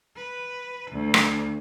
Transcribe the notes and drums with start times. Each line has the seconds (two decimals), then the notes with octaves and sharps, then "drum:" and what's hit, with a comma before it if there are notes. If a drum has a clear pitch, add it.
0.16 B4
0.91 D2
1.14 drum: rim click